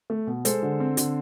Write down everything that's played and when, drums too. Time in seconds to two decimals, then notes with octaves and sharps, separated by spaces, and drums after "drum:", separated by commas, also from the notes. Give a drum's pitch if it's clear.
0.10 A3
0.27 B2
0.45 G#3 A4 C5, drum: hi-hat
0.63 D3
0.80 C4
0.97 D3, drum: hi-hat